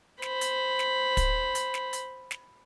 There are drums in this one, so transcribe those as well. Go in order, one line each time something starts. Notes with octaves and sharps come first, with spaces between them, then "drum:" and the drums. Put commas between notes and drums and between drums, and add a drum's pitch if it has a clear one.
C5 B5, drum: snare
drum: hi-hat
drum: snare
drum: kick, hi-hat
drum: hi-hat
drum: snare
drum: hi-hat
drum: snare